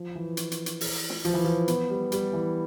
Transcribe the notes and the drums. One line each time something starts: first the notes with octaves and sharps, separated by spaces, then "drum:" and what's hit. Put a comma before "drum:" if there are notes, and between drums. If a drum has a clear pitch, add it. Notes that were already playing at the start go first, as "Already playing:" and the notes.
Already playing: F3
E3
drum: hi-hat
drum: hi-hat
drum: hi-hat
drum: open hi-hat
drum: snare
F3, drum: hi-hat
E3
F3
B3, drum: hi-hat
G3
G3, drum: hi-hat
E3